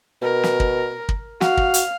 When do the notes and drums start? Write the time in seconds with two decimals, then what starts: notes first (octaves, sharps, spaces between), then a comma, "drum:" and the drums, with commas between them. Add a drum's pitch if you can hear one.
0.22 B2 A#4
0.44 drum: snare
0.60 drum: kick
1.09 drum: kick
1.41 F#4 F5, drum: snare
1.57 drum: kick
1.74 drum: hi-hat